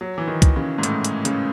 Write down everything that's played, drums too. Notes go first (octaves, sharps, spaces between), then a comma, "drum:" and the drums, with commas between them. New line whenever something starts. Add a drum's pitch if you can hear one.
F#3
E3
D#3
drum: kick, hi-hat
C#3
G#2
A2, drum: hi-hat
drum: hi-hat
C#3, drum: hi-hat